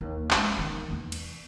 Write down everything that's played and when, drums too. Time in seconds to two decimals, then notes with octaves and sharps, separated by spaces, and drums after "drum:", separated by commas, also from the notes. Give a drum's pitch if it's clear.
0.01 D#2
0.31 G#3 C#4, drum: clap
0.59 D#3 B3
0.90 E2 E3
1.12 drum: cymbal